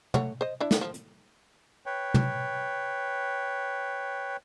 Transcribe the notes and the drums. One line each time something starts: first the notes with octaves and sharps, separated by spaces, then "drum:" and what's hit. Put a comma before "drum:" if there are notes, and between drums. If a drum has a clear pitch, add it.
A3 C#5 F#5, drum: tom
C5 D#5
D4 E4
drum: snare
F3
drum: hi-hat
B4 C#5 G5
drum: tom